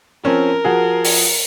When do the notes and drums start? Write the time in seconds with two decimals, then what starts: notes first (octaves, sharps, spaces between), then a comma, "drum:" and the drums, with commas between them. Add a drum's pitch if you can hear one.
0.25 F3 C4 C#4 A#4
0.65 F3 F#4 G#4
1.05 drum: open hi-hat